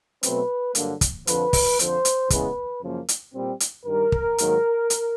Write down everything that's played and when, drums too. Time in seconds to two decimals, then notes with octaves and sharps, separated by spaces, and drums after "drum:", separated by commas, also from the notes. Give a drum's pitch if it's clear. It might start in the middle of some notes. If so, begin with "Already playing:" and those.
0.23 B2 F#3 A3 C4 B4, drum: hi-hat
0.75 G2 D3 F#3 A#3, drum: hi-hat
1.01 drum: kick, hi-hat
1.27 F2 D3 F3 B4, drum: hi-hat
1.53 drum: kick, open hi-hat
1.79 F2 D3 F3 C5, drum: hi-hat
2.05 drum: hi-hat
2.30 C#3 E3 G#3 B3 B4, drum: kick, hi-hat
2.83 F#2 C#3 F3 A#3
3.09 drum: hi-hat
3.34 A#2 G3 C4
3.60 drum: hi-hat
3.86 G2 D#3 G3 A#4
4.12 drum: kick
4.38 G#2 D#3 F#3 A#3, drum: hi-hat
4.90 drum: hi-hat